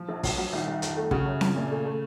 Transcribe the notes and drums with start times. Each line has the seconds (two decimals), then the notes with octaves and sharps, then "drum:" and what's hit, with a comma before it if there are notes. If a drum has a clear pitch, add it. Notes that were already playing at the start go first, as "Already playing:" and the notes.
Already playing: F3
0.09 A#1
0.23 F#3, drum: kick, open hi-hat
0.38 F#3
0.53 C2 D#3
0.67 C2
0.82 F2, drum: hi-hat
0.96 A3
1.11 C#3 F#4, drum: kick
1.26 F#2
1.41 F3, drum: snare C4
1.56 A#2
1.70 A3
1.85 A3